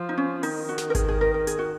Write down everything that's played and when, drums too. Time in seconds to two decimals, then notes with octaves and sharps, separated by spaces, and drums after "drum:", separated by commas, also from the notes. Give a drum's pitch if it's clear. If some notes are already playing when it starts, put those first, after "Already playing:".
Already playing: F3
0.09 D#4
0.17 C#4
0.43 D#3 D#4, drum: open hi-hat
0.69 F#4
0.78 drum: snare
0.90 A#4
0.95 G#4, drum: kick G#1, hi-hat
1.08 G#4
1.21 A#4
1.34 A#4
1.47 G#4, drum: hi-hat
1.59 F#4